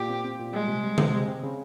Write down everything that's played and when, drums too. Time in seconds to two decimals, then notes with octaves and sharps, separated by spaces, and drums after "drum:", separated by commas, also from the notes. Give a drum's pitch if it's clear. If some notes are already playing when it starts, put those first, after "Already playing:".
Already playing: A#2 G4
0.09 C4
0.24 C4
0.39 A#2
0.53 G3 G#3
0.68 C3
0.84 G3
0.98 C4, drum: tom C3
1.13 C3
1.28 C4
1.43 C#3